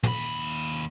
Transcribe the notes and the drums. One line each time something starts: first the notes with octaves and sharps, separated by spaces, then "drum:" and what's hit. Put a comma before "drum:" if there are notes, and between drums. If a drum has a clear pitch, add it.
D#2 B5, drum: tom